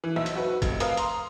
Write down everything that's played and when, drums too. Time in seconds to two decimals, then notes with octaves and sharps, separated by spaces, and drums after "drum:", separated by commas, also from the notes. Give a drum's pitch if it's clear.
0.04 E3
0.16 B1 E5 E6
0.26 drum: hi-hat
0.36 F#4 B4
0.62 F1, drum: kick, hi-hat
0.80 A#4 B4 F5 D#6, drum: hi-hat
0.97 A#5 C6, drum: hi-hat